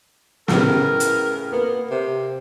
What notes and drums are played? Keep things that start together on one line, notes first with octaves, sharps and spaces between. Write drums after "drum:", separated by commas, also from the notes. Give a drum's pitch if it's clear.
A2 C#3 B3 A#4, drum: snare
drum: hi-hat
A#3 B3
C3